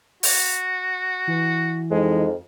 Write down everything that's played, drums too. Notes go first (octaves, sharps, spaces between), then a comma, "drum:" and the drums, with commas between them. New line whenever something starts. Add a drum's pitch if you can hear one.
F#4, drum: open hi-hat
E3
F2 G#3 D#4